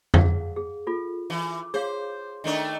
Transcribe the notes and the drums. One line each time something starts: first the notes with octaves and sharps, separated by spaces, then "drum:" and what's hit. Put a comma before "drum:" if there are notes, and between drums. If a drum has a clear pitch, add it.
G#4 F5 F#5, drum: tom F2
G#4
F4 A4
E3
G#4 C5 C#5 F5
D#3 A3 D4